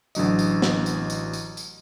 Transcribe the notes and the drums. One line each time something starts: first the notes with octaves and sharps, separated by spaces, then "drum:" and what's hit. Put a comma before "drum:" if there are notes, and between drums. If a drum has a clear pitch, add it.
A1 D3 F#3 D#5, drum: tambourine
drum: tambourine
drum: snare
drum: tambourine
drum: tambourine
drum: tambourine
drum: tambourine